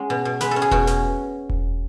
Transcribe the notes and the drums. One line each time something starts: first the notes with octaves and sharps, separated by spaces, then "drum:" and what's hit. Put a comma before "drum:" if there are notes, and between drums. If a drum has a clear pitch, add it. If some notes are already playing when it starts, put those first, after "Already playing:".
Already playing: G#3 C#4 F#4
B2
B2
G#3 B4, drum: snare
C#4 A4
G#4
B2 F#4, drum: kick E1
C#4, drum: snare
drum: kick E1